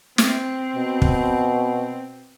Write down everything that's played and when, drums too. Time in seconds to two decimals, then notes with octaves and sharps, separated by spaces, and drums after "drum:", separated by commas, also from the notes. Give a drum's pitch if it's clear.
0.18 C4, drum: snare
0.76 B2
1.02 drum: kick